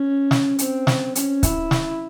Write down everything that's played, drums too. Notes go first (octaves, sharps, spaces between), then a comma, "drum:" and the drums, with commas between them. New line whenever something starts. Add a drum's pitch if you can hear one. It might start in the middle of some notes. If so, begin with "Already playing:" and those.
Already playing: C#4
drum: snare
C4, drum: hi-hat
drum: snare
C#4, drum: hi-hat
E4, drum: kick, hi-hat
drum: snare